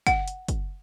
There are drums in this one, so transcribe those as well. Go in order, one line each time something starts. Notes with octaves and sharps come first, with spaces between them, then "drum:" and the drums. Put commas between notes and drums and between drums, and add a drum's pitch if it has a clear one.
F#5, drum: kick, hi-hat
drum: hi-hat
drum: kick, hi-hat